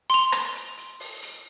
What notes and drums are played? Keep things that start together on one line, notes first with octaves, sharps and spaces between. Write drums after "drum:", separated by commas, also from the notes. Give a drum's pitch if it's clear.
C6 F7, drum: hi-hat
drum: rim click
drum: hi-hat
drum: hi-hat
drum: open hi-hat
drum: hi-hat